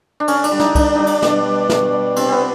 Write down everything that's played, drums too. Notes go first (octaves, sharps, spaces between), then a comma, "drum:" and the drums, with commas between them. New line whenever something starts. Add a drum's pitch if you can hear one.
D4
D3 C#4, drum: cymbal
D4, drum: cymbal
G3
D#4, drum: snare
D3 D4, drum: kick C2, cymbal
G3 D4 D#4
drum: cymbal
B2 D4, drum: snare
G3
B2, drum: snare
G3
C3 C4, drum: cymbal
B3 C4